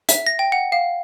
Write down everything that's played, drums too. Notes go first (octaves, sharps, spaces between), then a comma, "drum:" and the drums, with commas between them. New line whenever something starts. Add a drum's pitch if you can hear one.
E5, drum: hi-hat
A#6
G5
F#5
F5